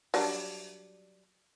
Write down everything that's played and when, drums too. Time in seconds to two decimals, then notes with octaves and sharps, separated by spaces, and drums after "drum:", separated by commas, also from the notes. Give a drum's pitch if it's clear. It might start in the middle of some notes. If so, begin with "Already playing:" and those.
0.14 F#3 G3 D4, drum: open hi-hat